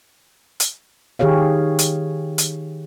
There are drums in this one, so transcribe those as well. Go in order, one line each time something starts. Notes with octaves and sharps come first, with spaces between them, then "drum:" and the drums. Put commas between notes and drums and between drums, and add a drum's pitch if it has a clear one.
drum: hi-hat
D#3 G4 G#4 C#5 F5
drum: hi-hat
drum: hi-hat